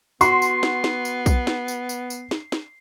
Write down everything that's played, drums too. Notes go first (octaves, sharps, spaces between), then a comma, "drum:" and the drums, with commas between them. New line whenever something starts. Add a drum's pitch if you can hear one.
B3 F#4 C6 C7, drum: tambourine
drum: tambourine
drum: snare
drum: snare
drum: tambourine
drum: kick, tambourine
drum: snare
drum: tambourine
drum: tambourine
drum: tambourine
drum: snare
drum: snare